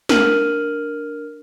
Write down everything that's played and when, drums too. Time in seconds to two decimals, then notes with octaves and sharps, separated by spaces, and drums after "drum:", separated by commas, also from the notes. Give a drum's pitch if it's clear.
0.09 D4 A#4 F6 D#7 F#7, drum: snare